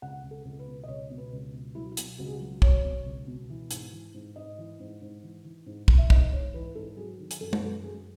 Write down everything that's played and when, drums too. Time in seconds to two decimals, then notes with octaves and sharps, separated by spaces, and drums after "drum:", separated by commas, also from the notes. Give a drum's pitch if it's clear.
0.02 C#2 F#5
0.23 C#2
0.31 A4
0.45 C#2
0.59 B4
0.66 B2
0.83 D#5
0.88 C#2 C#5
1.10 B2
1.18 B4
1.33 C#2
1.53 B2
1.75 F#3 E4
1.91 E4
1.97 B2, drum: hi-hat
2.18 C#2 F#4
2.26 G#4
2.33 F#4
2.40 F#3
2.62 F#3 C#5, drum: kick
2.84 B2
3.06 C#2
3.27 B2
3.50 E3
3.71 G#2, drum: hi-hat
3.93 E3
4.14 G#2
4.36 G#2 D#5
4.58 E3
4.80 G#2
5.01 G#2
5.23 E3
5.44 E3
5.66 G#2
5.88 E3, drum: kick
5.98 E5
6.10 G#2 D#5, drum: kick
6.32 G#2 C#5
6.54 E3 B4
6.75 G#2 A4
6.97 F#3 G#4
7.20 D#3
7.31 drum: hi-hat
7.41 F#2 A4
7.53 B4, drum: tom
7.62 F#2 A4
7.84 F#2 G#4